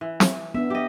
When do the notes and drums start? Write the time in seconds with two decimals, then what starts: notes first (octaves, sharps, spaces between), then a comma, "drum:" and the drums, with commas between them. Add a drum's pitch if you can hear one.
0.01 E3
0.20 drum: snare
0.55 B3 D4 E5
0.70 G4 D#5